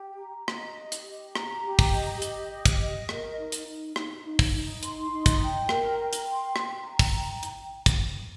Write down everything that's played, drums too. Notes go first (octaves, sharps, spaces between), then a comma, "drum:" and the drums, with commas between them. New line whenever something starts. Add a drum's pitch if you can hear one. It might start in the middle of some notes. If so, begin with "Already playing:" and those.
Already playing: G4
A#5
D#5, drum: rim click
G4
drum: hi-hat
G4
A#5, drum: rim click
G4
drum: kick, open hi-hat
D#5
G4, drum: hi-hat
D#5
drum: kick, hi-hat
D#5
A#4, drum: rim click
D#4
drum: hi-hat
D#4
D#4, drum: rim click
D#4
drum: kick, open hi-hat
D#4
C6, drum: hi-hat
D#4
drum: kick, hi-hat
G5
A#4, drum: rim click
G5
drum: hi-hat
C6
G5, drum: rim click
A#5
drum: kick, open hi-hat
G5
drum: hi-hat
drum: kick, hi-hat